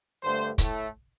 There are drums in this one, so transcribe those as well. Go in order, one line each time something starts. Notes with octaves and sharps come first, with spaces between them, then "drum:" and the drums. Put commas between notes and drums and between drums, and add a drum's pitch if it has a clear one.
G2 D3 A3 C5
A2 A3, drum: kick, hi-hat